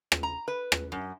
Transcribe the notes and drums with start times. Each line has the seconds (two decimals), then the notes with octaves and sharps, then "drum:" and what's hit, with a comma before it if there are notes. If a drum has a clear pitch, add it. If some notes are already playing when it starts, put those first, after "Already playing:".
0.12 drum: rim click
0.23 A#5
0.48 B4
0.72 drum: rim click
0.92 F#2